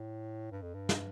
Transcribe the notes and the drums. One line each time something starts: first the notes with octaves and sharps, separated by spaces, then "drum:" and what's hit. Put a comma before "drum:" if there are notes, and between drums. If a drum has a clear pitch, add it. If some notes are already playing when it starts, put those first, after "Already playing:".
Already playing: A2
G2
F2
G2
drum: snare